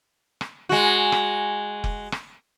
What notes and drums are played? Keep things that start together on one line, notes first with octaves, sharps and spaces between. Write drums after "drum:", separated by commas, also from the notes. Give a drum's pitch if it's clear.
drum: rim click
G#3 F#4
drum: rim click
drum: kick F1
drum: rim click